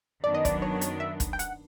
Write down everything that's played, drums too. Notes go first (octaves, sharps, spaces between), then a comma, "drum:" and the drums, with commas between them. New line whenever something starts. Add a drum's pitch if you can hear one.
F#2 D#3 F#3 B3 D4 D5
D#5
D5, drum: kick, hi-hat
C#5
drum: hi-hat
E5
drum: kick, hi-hat
G5
F#5, drum: hi-hat